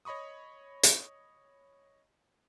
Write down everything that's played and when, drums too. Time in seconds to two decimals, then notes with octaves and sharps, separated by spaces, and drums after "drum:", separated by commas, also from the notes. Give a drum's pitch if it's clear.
0.05 C#5 D#5 B5 C#6 D#6
0.83 drum: hi-hat